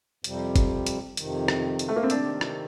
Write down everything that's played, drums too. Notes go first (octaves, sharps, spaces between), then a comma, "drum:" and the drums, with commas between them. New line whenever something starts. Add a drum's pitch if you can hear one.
F2 C3 G3, drum: hi-hat
drum: kick G1, hi-hat
drum: hi-hat
F2 C3 D#3, drum: hi-hat
drum: rim click
drum: hi-hat
A3
A#3
C4
C3 D#3 D4, drum: hi-hat
drum: rim click